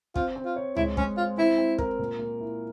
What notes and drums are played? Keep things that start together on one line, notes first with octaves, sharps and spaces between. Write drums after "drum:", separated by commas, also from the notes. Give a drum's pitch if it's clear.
C4 F4, drum: kick
C4
F4
C#5
G#3 E4, drum: tom C#2
G#3 C#4, drum: kick
F4 C5
C4 E4
C4
A#4, drum: kick
A#2
A#3
E4